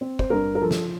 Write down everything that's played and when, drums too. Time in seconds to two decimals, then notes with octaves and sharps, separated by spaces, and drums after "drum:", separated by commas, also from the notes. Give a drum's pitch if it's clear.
0.01 C4
0.19 C5, drum: kick
0.30 G2 A#4
0.55 A#4
0.61 F3 A4
0.71 drum: snare